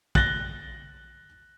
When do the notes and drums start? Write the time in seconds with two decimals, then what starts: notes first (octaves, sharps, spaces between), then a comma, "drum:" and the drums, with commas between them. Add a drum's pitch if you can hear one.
0.15 F#6 A6 A#6 G7, drum: kick